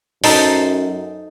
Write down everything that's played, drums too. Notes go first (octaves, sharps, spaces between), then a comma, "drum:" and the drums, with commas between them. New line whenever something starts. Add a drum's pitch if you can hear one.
F#2 D#4 A4 C5, drum: open hi-hat